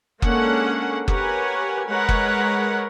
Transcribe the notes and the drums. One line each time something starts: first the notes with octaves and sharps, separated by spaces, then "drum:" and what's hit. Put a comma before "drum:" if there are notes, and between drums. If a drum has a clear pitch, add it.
G#3 A#3 C#4 D4 A4 F#5, drum: kick F#1
G4 A#4 B4 C#5 F#5 G#5, drum: kick F#1
G#3 A#4 B4 C#5 F#5
drum: kick F#1